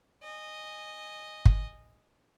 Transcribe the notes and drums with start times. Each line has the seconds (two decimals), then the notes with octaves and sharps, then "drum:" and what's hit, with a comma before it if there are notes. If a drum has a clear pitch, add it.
0.23 D#5 G#5
1.45 drum: kick